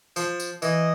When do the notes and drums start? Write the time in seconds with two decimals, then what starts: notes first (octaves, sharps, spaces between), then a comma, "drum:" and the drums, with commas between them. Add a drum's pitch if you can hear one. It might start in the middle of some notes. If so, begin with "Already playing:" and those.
0.16 F3, drum: tambourine
0.40 drum: tambourine
0.62 E3 D#5, drum: tambourine